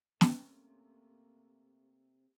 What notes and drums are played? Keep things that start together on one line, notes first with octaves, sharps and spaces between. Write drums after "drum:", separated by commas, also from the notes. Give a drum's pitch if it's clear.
C3 A3 A#3 C#4, drum: snare